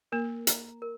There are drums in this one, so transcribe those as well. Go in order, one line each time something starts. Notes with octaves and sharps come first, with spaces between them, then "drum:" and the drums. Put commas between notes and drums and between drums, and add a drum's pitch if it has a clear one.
A#3 A#4
A#5, drum: hi-hat
A#4